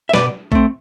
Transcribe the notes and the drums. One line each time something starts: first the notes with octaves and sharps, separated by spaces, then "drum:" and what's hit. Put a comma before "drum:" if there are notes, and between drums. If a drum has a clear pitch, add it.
E5
B2 B4 D5, drum: snare
A3 C4, drum: kick A#1